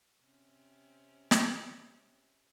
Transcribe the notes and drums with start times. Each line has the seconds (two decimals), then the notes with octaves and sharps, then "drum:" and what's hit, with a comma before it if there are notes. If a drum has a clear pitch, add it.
0.23 C3 C4 C#4
1.31 drum: snare